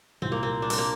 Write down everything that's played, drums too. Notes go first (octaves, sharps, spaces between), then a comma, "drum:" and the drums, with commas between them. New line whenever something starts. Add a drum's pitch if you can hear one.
C2 A#2 G3 C4
A#3
C4
D4
C4, drum: open hi-hat
A#3